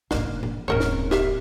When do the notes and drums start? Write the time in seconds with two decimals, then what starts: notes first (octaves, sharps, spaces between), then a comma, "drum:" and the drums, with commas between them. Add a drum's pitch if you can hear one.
0.11 F1 G#2 A#3 D4 F5, drum: snare
0.43 drum: tom G#2
0.68 D#1 G#1 C#4 A#4 C#5
0.80 drum: snare
1.11 G4 E5 F5, drum: snare